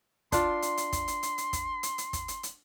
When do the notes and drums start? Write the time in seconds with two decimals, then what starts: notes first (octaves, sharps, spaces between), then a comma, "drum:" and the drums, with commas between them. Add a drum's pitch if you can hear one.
0.32 D4 F4 C6, drum: kick, hi-hat
0.62 drum: hi-hat
0.77 drum: hi-hat
0.93 drum: kick, hi-hat
1.08 drum: hi-hat
1.23 drum: hi-hat
1.38 drum: hi-hat
1.53 drum: kick, hi-hat
1.83 drum: hi-hat
1.98 drum: hi-hat
2.13 drum: kick, hi-hat
2.28 drum: hi-hat
2.43 drum: hi-hat